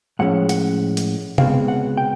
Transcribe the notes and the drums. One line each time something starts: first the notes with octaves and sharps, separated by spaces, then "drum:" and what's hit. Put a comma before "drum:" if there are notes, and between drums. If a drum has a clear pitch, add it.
A2 F3 G#3 C#4 F#5
F#5, drum: hi-hat
drum: hi-hat
C#2 B2 G#3 C4 F5, drum: tom C3
F#5
G5